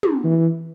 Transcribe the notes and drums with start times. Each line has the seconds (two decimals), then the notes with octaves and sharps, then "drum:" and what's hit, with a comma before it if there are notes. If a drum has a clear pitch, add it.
0.03 drum: tom
0.24 E3